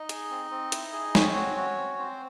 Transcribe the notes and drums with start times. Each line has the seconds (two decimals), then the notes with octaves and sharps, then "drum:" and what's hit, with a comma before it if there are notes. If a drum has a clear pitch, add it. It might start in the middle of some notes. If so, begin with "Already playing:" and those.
Already playing: D#4 D#5
0.09 G#4, drum: hi-hat
0.31 C4
0.51 C4
0.72 E4, drum: hi-hat
0.93 G#4
1.15 C4 C#4 C#5, drum: snare
1.35 F#4
1.57 F#4
1.78 C4
1.98 C4 C5